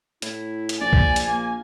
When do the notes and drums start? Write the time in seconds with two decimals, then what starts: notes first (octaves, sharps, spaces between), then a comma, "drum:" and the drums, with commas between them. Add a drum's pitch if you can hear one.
0.22 A2 E4, drum: hi-hat
0.69 drum: hi-hat
0.81 A#1 D5 G#5
0.93 drum: kick C2
1.16 drum: hi-hat
1.27 A#3